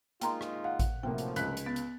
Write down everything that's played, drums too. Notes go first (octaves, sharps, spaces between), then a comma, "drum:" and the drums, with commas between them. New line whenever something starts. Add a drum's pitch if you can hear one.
G#3 A#3 D#4 F4 G5 A#5 C6, drum: hi-hat
drum: rim click
F5 F#5
drum: kick A1, hi-hat
B1 C3 F3 A3 A#3 G5
drum: hi-hat
C#2 F#6 B6, drum: hi-hat
drum: hi-hat
B3 A6
drum: hi-hat